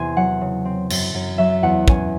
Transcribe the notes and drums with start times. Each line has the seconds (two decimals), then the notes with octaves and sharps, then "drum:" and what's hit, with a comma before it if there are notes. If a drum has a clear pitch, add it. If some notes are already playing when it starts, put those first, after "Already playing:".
Already playing: E2 C3 G#5 C6
0.17 F#3 F#5
0.41 C#3
0.65 C4
0.90 F#2, drum: cymbal
1.14 F#2
1.38 F#3 E5
1.63 E2 F#5
1.88 C#4 G#5, drum: kick